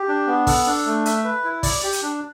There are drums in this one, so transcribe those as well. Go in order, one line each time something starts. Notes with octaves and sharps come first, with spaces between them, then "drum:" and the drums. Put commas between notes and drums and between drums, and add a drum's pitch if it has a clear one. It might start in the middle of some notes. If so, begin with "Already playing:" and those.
Already playing: G4
D4
B3
A4, drum: kick, open hi-hat
D4
A3
E5, drum: hi-hat
B4
E4
D5, drum: kick, open hi-hat
G4
drum: hi-hat
D4